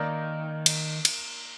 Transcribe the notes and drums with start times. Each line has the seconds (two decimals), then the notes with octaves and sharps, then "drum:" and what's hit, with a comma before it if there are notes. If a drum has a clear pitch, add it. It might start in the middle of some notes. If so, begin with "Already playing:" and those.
Already playing: D#3 A#3 D#4 A#4 D5
0.66 drum: cymbal
1.05 drum: cymbal